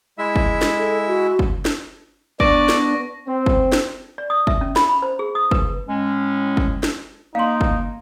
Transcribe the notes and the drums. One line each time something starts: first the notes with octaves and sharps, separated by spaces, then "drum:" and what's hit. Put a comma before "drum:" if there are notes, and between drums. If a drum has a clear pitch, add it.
G#3 E4 E5
drum: kick
drum: snare
A4
F#4
drum: kick
drum: snare
B3 D4 D5 C#6 A#6, drum: kick
drum: snare
C4
drum: kick
drum: snare
D5
D#6
E5, drum: kick
C#4
B5, drum: snare
B5
C5
G#4
D#6
B4, drum: kick
A2 G#3 C#4
drum: kick
drum: snare
A#3 D#4 F5 C6
drum: kick